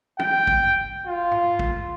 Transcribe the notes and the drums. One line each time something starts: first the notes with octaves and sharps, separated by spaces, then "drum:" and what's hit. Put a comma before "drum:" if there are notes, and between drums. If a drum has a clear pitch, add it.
G5, drum: tom
drum: kick
F4
drum: tom
drum: kick